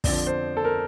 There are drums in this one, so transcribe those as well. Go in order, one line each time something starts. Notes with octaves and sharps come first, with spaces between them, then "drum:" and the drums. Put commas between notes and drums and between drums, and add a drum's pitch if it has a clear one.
F2 D3 F3 D5, drum: kick, open hi-hat
C5
A4
A#4